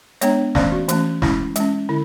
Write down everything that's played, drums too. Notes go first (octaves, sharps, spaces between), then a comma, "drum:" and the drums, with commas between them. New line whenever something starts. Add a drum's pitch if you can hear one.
G#3 B3 D4 C#5, drum: hi-hat
E3 A3 C#4 D5, drum: snare
F#4
E3 A3 C#4, drum: hi-hat
G#3 C#4 E4, drum: snare
G#3 C#4, drum: hi-hat
D3 E4